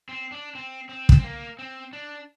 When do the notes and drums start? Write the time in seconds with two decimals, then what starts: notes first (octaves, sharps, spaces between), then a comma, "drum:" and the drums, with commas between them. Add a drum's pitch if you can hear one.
0.09 C4
0.32 D4
0.55 C4
0.89 C4
1.09 drum: kick
1.19 C4
1.24 A#3
1.59 C4
1.93 D4